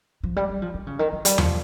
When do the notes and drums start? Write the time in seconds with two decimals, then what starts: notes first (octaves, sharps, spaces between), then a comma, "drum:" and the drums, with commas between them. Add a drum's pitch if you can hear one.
0.23 F3
0.36 G3
0.49 G3
0.62 F3
0.74 D#3
0.87 C#3
0.99 D#3
1.13 F3
1.25 G3, drum: hi-hat
1.38 F3, drum: tom E2